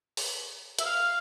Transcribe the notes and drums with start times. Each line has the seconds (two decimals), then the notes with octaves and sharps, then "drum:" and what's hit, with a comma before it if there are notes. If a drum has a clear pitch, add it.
0.17 drum: open hi-hat
0.79 E5, drum: hi-hat
0.85 F5